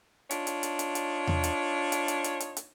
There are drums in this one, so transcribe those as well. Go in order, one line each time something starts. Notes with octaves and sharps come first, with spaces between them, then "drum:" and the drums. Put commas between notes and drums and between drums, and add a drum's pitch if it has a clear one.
D4 D#4 F4 C#5, drum: hi-hat
drum: hi-hat
drum: hi-hat
drum: hi-hat
drum: hi-hat
drum: tom E2
drum: hi-hat
drum: hi-hat
drum: hi-hat
drum: hi-hat
drum: hi-hat
drum: hi-hat